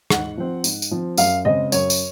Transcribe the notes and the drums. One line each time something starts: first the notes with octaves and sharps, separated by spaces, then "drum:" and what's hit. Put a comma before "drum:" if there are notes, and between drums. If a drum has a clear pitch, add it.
G#2 F#5, drum: rim click
F3 C4
G#2, drum: tambourine
drum: tambourine
F3 C4
F#2 F5, drum: tambourine
C#3 G#3 C4 D#5
F#2 C#5, drum: tambourine
drum: tambourine